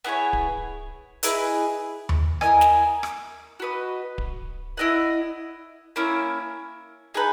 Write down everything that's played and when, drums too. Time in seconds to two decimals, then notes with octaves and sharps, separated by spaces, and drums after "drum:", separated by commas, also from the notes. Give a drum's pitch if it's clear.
0.05 B3 E4 G#4 C#5
0.33 drum: kick D1
1.23 E4 G#4 B4 D#5, drum: hi-hat
2.09 drum: tom D#2
2.41 E4 A#4 D#5 G#5, drum: rim click
2.61 drum: snare
3.03 drum: rim click
3.60 F#4 B4 D#5
4.18 drum: kick D1
4.77 E4 B4 D#5 F#5
5.96 A#3 C#4 E4
7.14 D#4 G#4 B4